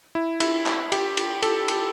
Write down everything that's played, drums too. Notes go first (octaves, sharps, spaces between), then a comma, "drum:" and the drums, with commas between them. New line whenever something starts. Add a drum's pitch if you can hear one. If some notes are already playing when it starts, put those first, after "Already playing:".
E4
E4, drum: cymbal
drum: clap
G4, drum: cymbal
drum: cymbal
A4, drum: cymbal
drum: cymbal